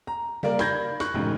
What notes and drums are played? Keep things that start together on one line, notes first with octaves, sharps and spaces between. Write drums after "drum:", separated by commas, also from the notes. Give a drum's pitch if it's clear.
A#5
G3 A#3 A#4 D5, drum: tom C3
B5 G6 G#6 A#6, drum: snare
C#6 F#6, drum: snare
E1 A1 G#2 C#3, drum: tom A2